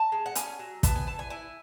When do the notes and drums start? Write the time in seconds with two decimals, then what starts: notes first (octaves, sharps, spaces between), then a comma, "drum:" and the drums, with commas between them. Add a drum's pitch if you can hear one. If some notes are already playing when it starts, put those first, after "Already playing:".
Already playing: A5
0.12 G#3
0.26 F#5
0.35 C#4 G#5, drum: hi-hat
0.59 F#3
0.83 B3 A5, drum: kick, hi-hat
0.96 G#5
1.07 E3 A5
1.19 G#5
1.30 E4 G#5